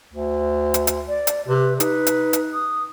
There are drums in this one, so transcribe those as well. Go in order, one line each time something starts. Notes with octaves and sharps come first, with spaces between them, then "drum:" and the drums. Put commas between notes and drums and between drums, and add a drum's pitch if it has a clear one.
D2
drum: hi-hat
drum: hi-hat
D5
drum: hi-hat
C3 B4
D#4 B4, drum: hi-hat
drum: hi-hat
drum: hi-hat
D#6